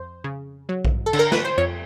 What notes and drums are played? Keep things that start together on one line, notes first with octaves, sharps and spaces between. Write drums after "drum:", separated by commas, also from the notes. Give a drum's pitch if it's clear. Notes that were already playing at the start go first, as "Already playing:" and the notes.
Already playing: F2 C5
C#3
F#3
drum: kick A#1
A4
D3, drum: cymbal
A#4
B4, drum: snare
C5
F2 C#5